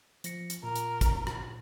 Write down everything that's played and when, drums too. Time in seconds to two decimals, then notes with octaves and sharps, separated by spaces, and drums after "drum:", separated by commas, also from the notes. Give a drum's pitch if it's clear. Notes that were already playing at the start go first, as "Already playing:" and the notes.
0.24 F3 A#6 C#7, drum: hi-hat
0.50 drum: hi-hat
0.63 A#2 A#4
0.76 drum: hi-hat
1.01 drum: kick, hi-hat
1.27 drum: rim click